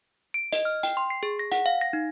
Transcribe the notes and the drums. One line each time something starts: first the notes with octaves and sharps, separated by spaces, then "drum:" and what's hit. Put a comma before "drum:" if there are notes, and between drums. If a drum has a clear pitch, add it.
D7
D#5, drum: hi-hat
F6
G5, drum: hi-hat
C6
C7
G#4
A#6
F#5, drum: hi-hat
F5
A#6
D#4